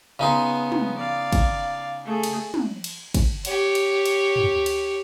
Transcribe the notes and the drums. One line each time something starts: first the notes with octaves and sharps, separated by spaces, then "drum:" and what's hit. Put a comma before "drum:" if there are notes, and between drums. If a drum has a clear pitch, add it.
C#3 B3 D#4 C6
drum: tom
D5 F5
drum: kick, cymbal
A3 G#4
drum: cymbal
drum: tom
drum: cymbal
drum: kick, cymbal
G4 C#5, drum: cymbal
drum: cymbal
drum: cymbal
drum: tom
drum: cymbal